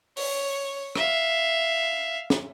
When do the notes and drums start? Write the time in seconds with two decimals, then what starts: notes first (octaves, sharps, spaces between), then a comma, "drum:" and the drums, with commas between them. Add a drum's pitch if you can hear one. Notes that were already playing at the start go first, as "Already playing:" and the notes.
0.17 C#5, drum: open hi-hat
0.96 E5 F5, drum: rim click
2.30 drum: snare